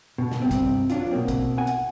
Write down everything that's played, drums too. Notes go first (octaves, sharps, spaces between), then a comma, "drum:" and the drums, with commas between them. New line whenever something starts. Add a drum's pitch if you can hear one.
B2
drum: snare
G2 C3 C4
drum: kick, hi-hat
F#3 D4 F4, drum: hi-hat
B2 A#3 C4
drum: kick, hi-hat
F#5 G#5
drum: hi-hat